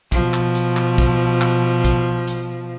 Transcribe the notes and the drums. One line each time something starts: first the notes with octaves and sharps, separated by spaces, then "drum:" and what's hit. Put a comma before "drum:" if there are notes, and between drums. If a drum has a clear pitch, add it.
B2 F3, drum: kick A#1, hi-hat
drum: clap
drum: hi-hat
drum: clap
drum: kick A#1, hi-hat
drum: clap
drum: kick A#1, hi-hat
drum: hi-hat